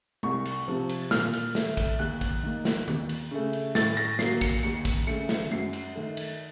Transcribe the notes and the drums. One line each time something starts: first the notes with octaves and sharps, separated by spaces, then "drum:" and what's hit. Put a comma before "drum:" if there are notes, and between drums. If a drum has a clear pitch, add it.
C2 C#6, drum: tom G#3
drum: cymbal
C3 F3
drum: cymbal
A#2 F6, drum: snare
drum: cymbal
A3, drum: snare
drum: kick, cymbal
D#2 F#6
drum: kick, cymbal
D#3 A#3
drum: snare
D#2, drum: tom D#3
drum: cymbal
C#3 A3
drum: cymbal
A2 A6, drum: snare
A#6, drum: cymbal
F#3 A#3 C7, drum: snare
C#7, drum: kick, cymbal
D#2 C#7
drum: kick, cymbal
C#3 A3 C#7
drum: snare
F#2 C7, drum: tom G#3
drum: cymbal
D#3 A3
drum: cymbal